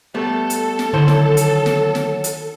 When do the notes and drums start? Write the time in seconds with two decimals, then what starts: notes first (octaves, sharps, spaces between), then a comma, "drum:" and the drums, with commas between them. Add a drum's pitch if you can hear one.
0.14 G3 A3 B3 A4
0.50 drum: hi-hat
0.79 drum: snare
0.93 D3 D#3 F#3 E4 C5
1.08 drum: snare
1.37 drum: hi-hat
1.66 drum: snare
1.95 drum: snare
2.24 drum: hi-hat